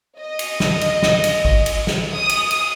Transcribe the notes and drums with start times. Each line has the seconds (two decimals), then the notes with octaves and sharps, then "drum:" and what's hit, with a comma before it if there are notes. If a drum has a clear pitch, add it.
0.18 D#5
0.39 drum: cymbal
0.60 drum: snare
0.81 drum: cymbal
1.02 drum: snare
1.24 drum: cymbal
1.45 drum: kick A1
1.66 drum: cymbal
1.87 drum: snare
2.12 D#6
2.29 drum: cymbal
2.51 drum: cymbal